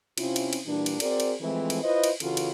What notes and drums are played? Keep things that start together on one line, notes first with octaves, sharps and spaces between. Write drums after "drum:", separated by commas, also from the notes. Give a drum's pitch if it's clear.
C3 C4 C#4 E4 F4, drum: cymbal
drum: cymbal
drum: cymbal
A#2 E3 G3 D4
drum: cymbal
C4 F#4 G#4 A#4 D5, drum: cymbal
drum: cymbal
E3 F3 G#3 A3 C4 E4
drum: cymbal
E4 F4 B4 C5 D#5
drum: cymbal
C#3 E3 C#4 F4 F#4 A4, drum: cymbal
drum: cymbal